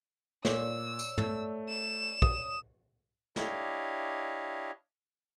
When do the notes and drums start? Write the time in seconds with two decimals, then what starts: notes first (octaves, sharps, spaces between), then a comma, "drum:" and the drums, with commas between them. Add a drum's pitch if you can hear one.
0.45 A#2 C#5 D5 E6, drum: snare
0.99 drum: tambourine
1.18 A3, drum: tom
1.69 E7
2.22 D#6, drum: kick
3.36 D4 E4 G4 C#5 D#5 F5, drum: snare